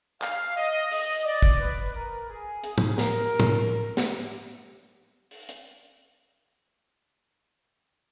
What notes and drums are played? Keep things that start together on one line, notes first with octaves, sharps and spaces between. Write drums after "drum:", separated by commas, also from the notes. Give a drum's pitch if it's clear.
F5, drum: clap
D#5
D#5, drum: open hi-hat
D5
drum: kick
B4
A#4
G#4
G#4, drum: hi-hat
drum: tom
A#4, drum: snare
drum: tom
drum: snare
drum: open hi-hat
drum: hi-hat